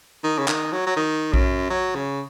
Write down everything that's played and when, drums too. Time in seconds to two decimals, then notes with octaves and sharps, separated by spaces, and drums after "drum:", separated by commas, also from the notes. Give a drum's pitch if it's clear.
0.24 D#3
0.39 C#3
0.48 D#3, drum: clap
0.73 F#3
0.87 F#3
0.97 D#3
1.34 F#2, drum: kick A#1
1.70 F#3
1.95 C#3